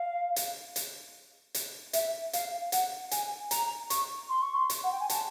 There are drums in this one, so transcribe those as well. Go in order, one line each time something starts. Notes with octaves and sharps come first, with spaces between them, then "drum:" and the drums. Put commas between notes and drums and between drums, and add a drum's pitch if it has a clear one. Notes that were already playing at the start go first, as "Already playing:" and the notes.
Already playing: F5
drum: hi-hat
drum: hi-hat
drum: hi-hat
E5, drum: hi-hat
F5, drum: hi-hat
F#5, drum: hi-hat
G#5, drum: hi-hat
A#5, drum: hi-hat
C#6, drum: hi-hat
C6
C#6
C6
drum: hi-hat
F#5
G5
G#5
A5, drum: hi-hat